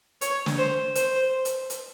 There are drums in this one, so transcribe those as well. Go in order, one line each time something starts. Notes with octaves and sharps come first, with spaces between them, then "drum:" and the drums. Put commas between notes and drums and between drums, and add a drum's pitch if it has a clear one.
C#5, drum: hi-hat
drum: snare
C5
C5, drum: hi-hat
drum: hi-hat
drum: hi-hat